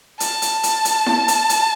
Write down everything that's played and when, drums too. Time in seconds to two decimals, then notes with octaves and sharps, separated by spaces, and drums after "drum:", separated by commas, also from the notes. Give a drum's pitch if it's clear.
0.20 A5, drum: hi-hat
0.42 drum: hi-hat
0.63 drum: hi-hat
0.85 drum: hi-hat
1.06 drum: snare E4
1.28 drum: hi-hat
1.49 drum: hi-hat